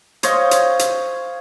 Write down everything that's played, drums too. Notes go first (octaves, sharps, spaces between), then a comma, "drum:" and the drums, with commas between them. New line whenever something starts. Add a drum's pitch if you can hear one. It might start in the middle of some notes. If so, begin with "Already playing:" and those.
C5 C#5 D#5 F5, drum: hi-hat
drum: hi-hat
drum: hi-hat